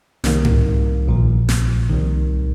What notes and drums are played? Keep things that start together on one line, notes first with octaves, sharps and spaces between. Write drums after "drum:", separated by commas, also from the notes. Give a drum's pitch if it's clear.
C2 C3 D#3 A#3, drum: snare
drum: tom G#2
A#1 A#2 F3
drum: snare
C2 C3 D#3